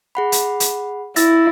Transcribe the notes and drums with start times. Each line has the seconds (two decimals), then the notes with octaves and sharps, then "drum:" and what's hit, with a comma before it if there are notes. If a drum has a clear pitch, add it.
0.15 G#4 F#5 B5
0.32 drum: hi-hat
0.60 drum: hi-hat
1.16 E4 E6 A6 A#6, drum: hi-hat